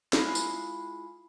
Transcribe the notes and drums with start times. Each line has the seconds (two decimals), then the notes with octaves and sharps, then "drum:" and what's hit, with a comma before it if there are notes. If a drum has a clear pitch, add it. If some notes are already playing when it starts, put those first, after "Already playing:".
0.13 G#3 A3 E4 F4, drum: snare
0.35 drum: tambourine